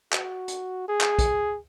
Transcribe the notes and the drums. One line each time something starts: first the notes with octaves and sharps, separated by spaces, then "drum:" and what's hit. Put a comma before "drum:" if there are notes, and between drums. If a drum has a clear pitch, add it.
F#4, drum: clap
drum: hi-hat
G#4
drum: clap
drum: kick, hi-hat